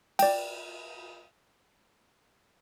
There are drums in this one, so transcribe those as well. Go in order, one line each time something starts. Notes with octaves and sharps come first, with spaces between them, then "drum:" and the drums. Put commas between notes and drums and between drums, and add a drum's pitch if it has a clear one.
D5 G5, drum: cymbal